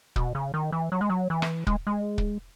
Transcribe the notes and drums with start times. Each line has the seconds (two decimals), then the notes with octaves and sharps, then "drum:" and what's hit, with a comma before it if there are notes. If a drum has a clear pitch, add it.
0.16 B2, drum: kick
0.35 C#3
0.54 D#3
0.72 E3
0.92 F#3
1.01 G#3
1.10 F#3
1.30 E3
1.42 drum: rim click
1.67 G#3, drum: kick
1.87 G#3
2.18 drum: kick